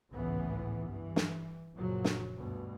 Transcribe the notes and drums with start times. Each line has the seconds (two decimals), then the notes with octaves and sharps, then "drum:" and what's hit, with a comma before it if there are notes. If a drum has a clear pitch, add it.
0.13 G#1 C#2 A2 C#3 E3 B3
0.87 G2 E3
1.16 drum: snare
1.75 F#1 A#2 C#3 F3 F#3
2.04 drum: snare
2.38 D2 G2 B2